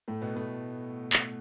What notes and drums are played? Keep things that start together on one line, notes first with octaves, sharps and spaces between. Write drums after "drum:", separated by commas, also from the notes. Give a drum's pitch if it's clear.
A2 A3
B2 B3
A2 A3
drum: clap